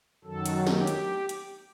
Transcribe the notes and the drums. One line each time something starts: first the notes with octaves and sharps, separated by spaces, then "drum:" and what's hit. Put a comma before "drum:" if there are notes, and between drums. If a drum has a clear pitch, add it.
F#2 D#3 F#3 A4
drum: hi-hat
G4, drum: snare
drum: hi-hat
drum: hi-hat